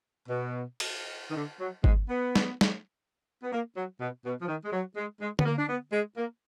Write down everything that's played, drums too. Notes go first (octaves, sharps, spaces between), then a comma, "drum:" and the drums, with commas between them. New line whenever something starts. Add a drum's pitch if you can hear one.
B2
drum: cymbal
D#3
D3
F#3
G#3, drum: kick G1
B3
drum: snare
drum: snare
B3
A#3
F#3
B2
B2
F3
D#3
G#3
F#3
G#3
G#3
B3, drum: tom D3
A#3
D4
B3
G#3
A#3